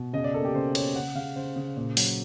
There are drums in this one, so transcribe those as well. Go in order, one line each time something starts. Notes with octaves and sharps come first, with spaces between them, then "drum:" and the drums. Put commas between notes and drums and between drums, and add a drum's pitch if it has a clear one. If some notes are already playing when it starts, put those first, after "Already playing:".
Already playing: B2
C#3 D#5
D5
A#3 A4
G4
C#3 C5
A#3 C#5, drum: cymbal
C#3 F#5
C#3 F5
C#3 C5
C#3
A#2
F#3, drum: open hi-hat